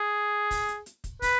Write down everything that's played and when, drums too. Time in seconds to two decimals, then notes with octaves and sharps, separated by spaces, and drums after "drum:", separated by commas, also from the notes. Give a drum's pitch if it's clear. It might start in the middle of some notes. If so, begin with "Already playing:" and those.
Already playing: G#4
0.51 drum: kick, open hi-hat
0.68 drum: hi-hat
0.86 drum: hi-hat
1.04 drum: kick, hi-hat
1.22 B4, drum: kick, open hi-hat